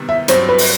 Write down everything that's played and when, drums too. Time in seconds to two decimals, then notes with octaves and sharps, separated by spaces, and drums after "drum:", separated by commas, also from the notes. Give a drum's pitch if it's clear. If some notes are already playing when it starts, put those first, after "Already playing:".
Already playing: C3 D#3 G3 B3
0.09 E5
0.28 G2 F#3 C4 C5, drum: hi-hat
0.49 B4
0.58 drum: open hi-hat